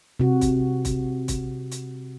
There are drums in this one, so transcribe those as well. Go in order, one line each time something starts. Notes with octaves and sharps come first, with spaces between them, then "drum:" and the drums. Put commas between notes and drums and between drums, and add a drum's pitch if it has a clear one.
C3 F#4
drum: kick, hi-hat
drum: kick, hi-hat
drum: kick, hi-hat
drum: hi-hat